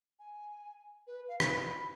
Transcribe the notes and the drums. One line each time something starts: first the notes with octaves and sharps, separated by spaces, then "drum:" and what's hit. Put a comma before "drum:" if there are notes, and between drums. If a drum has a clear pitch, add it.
G#5
B4
F5
B4, drum: rim click
B5